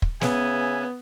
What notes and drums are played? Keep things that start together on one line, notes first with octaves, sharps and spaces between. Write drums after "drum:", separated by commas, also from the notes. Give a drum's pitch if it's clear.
drum: kick
C#3 B3 E5 G#5, drum: snare